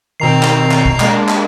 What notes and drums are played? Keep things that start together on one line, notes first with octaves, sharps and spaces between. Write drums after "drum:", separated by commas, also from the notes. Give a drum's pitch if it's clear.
B2 D#3 C4 A#5 C7
drum: clap
drum: clap
drum: kick
G#3 A#3 D4, drum: clap
drum: clap